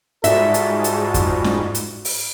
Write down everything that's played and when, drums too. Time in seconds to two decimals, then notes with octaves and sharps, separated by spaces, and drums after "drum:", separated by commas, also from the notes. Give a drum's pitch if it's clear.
0.24 G#2 G3 F4 F#4 A4 E5, drum: hi-hat
0.54 drum: hi-hat
0.84 drum: hi-hat
1.14 drum: kick F2, hi-hat
1.44 drum: snare
1.75 drum: hi-hat
2.05 drum: open hi-hat